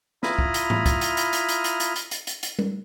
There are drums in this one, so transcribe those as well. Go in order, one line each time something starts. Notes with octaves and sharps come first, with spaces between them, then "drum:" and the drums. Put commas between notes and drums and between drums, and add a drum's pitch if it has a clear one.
E4 F4 A#5 B5 D#6 F6, drum: snare
drum: kick
drum: hi-hat
drum: tom G#2
drum: kick, hi-hat
drum: hi-hat
drum: hi-hat
drum: hi-hat
drum: hi-hat
drum: hi-hat
drum: hi-hat
drum: hi-hat
drum: hi-hat
drum: hi-hat
drum: hi-hat
drum: tom G3